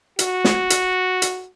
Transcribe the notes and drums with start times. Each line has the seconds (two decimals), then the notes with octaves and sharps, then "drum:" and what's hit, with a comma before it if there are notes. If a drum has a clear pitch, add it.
0.19 F#4, drum: hi-hat
0.44 drum: snare
0.70 drum: hi-hat
1.22 drum: hi-hat